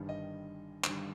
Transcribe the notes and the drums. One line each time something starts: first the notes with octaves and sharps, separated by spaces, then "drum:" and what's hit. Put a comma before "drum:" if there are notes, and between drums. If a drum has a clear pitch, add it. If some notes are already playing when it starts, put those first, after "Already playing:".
Already playing: G1 G2 D#3 G3
D#5
G1 G2 D#3 G3, drum: clap